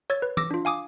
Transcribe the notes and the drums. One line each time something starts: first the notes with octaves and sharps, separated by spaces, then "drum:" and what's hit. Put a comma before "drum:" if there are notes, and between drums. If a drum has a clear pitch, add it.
C#5 E6 G#6 A6
B4
D6 E6 A#6, drum: tom E3
D4 F4
F5 G#5 D6 D#6